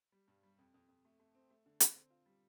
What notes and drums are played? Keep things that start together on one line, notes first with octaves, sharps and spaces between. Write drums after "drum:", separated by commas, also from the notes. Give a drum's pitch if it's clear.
G3
G2
G3
F2
F2
F2
A3
A3
C4
A3
D3
D3, drum: hi-hat
C4
F4
G3